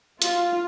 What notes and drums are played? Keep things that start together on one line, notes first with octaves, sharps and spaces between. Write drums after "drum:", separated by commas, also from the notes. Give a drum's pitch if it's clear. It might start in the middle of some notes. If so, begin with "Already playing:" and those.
F4, drum: hi-hat